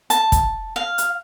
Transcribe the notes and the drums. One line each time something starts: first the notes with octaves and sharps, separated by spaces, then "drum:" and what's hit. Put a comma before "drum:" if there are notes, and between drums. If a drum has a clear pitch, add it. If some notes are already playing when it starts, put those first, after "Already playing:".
A5, drum: hi-hat
drum: kick, hi-hat
F5
drum: hi-hat